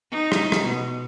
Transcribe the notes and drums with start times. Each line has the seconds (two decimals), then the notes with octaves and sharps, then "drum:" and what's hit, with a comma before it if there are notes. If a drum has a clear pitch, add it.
0.11 D#4
0.32 drum: rim click
0.52 drum: rim click
0.61 B2